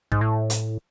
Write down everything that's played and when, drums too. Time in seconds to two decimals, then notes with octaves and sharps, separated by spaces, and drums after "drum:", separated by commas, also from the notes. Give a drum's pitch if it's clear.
0.12 G#2, drum: kick
0.21 A2
0.50 drum: hi-hat